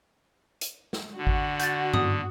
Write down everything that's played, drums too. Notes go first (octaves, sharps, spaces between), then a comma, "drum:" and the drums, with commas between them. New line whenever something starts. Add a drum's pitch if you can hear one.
drum: hi-hat
drum: snare
D3 F#4
drum: kick G#1
G6 A6, drum: hi-hat
D#6, drum: tom G2